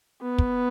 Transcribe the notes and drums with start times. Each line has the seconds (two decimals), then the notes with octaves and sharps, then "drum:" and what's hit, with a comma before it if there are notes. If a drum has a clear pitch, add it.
0.21 B3
0.38 drum: kick